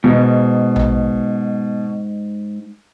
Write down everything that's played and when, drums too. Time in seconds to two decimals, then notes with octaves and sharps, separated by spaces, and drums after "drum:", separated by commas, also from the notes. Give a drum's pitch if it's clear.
0.04 G#2 B2
0.76 drum: tom A#1